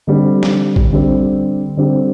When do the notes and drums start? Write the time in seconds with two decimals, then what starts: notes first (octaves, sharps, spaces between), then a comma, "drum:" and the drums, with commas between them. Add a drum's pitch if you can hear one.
0.07 D3 G3 C4 G4
0.43 drum: snare
0.76 drum: kick A1
0.92 D3 G3 C4 G4
1.77 D3 G3 C4 G4